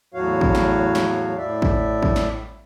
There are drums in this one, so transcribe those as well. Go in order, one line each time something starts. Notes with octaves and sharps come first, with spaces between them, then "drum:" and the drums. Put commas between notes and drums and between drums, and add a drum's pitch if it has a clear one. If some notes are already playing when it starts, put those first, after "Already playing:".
E2 A2 F#3 F#4 C#5 F5
drum: kick A1
drum: snare
drum: snare
A2 D5 E5
drum: kick A1
drum: kick A1
drum: snare